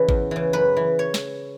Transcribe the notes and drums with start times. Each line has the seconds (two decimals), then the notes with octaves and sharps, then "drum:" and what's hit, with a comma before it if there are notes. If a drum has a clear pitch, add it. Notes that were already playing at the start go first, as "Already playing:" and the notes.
Already playing: C#3 E3 B4
0.09 E2, drum: kick
0.31 C#3 E3
0.53 F#2 B4
0.77 E3
0.99 C#5
1.14 drum: snare